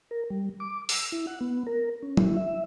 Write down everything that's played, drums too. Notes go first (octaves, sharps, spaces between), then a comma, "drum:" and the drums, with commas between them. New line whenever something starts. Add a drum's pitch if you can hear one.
A#4
G3
D6
E6, drum: open hi-hat
E4
F#5
B3
A#4
C#4
E4, drum: tom F#3
E5